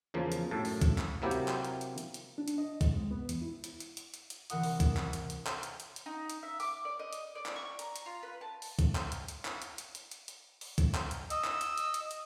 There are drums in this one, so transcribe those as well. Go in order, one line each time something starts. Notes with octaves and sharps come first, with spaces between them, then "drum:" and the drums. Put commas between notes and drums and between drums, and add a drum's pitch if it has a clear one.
E2 C#3 F3 A#3
drum: hi-hat
F#2 A2 A5
drum: open hi-hat
drum: kick, hi-hat
drum: clap
C3 F#3 A#3 E4 G4
drum: hi-hat
drum: clap
drum: hi-hat
drum: hi-hat
drum: hi-hat
drum: hi-hat
D4
drum: hi-hat
D#5
drum: kick, hi-hat
G#3
B3
E2, drum: hi-hat
E4
drum: hi-hat
drum: hi-hat
drum: hi-hat
drum: hi-hat
drum: hi-hat
C2 E3 A#4 F#5 D#6, drum: hi-hat
drum: open hi-hat
drum: kick, hi-hat
drum: clap
drum: hi-hat
drum: hi-hat
drum: clap
drum: hi-hat
drum: hi-hat
drum: hi-hat
D#4
drum: hi-hat
E5
D6, drum: open hi-hat
D5
D#5
drum: hi-hat
D5
drum: clap
C#6
A#5, drum: hi-hat
drum: hi-hat
F4
B4
A5
drum: open hi-hat
drum: kick, hi-hat
drum: clap
drum: hi-hat
drum: hi-hat
drum: clap
drum: hi-hat
drum: hi-hat
drum: hi-hat
drum: hi-hat
drum: hi-hat
drum: open hi-hat
drum: kick, hi-hat
drum: clap
drum: hi-hat
D#5 E6, drum: hi-hat
drum: clap
drum: hi-hat
drum: hi-hat
drum: hi-hat
drum: hi-hat